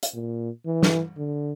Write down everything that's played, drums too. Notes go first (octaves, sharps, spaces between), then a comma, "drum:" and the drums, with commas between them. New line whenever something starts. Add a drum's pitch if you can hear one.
drum: hi-hat
A#2
E3
drum: snare
D3